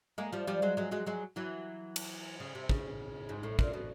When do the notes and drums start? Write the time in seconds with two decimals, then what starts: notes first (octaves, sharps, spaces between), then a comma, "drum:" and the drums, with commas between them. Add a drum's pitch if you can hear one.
0.18 G#3 A#3
0.33 F3 G3
0.47 F3 G3
0.62 F#3 G#3
0.77 F#3 G#3
0.91 F#3 G#3
1.06 F#3 G#3
1.36 E3 F#3
1.96 drum: cymbal
2.40 C#3
2.55 C3
2.69 C#3, drum: kick
3.29 G#2
3.43 A2
3.59 A#2, drum: kick
3.74 B2